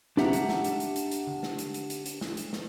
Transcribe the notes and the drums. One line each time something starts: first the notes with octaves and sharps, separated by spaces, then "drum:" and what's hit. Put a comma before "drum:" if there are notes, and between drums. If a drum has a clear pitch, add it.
D4 G4 E5 F#5 A#5, drum: snare
drum: hi-hat
drum: snare
drum: hi-hat
drum: hi-hat
drum: hi-hat
drum: hi-hat
drum: tom D3
drum: snare
drum: hi-hat
drum: hi-hat
drum: hi-hat
drum: hi-hat
drum: snare
drum: hi-hat
drum: snare